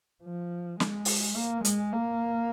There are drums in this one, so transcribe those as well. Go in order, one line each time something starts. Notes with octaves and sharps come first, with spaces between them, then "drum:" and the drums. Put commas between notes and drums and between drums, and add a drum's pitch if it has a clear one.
F3
G#3, drum: snare
drum: open hi-hat
A#3
G#3, drum: hi-hat
A#3